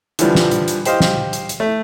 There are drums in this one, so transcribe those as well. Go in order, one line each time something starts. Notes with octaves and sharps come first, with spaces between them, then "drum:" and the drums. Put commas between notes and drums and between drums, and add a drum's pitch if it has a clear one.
D3 E3 F3 G3, drum: hi-hat
drum: snare
drum: hi-hat
drum: hi-hat
G4 C5 D#5 F5, drum: hi-hat
drum: snare
drum: hi-hat
drum: hi-hat
A3